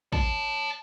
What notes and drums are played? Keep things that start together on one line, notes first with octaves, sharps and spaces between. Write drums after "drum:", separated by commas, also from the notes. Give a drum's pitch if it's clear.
C#5 A5, drum: kick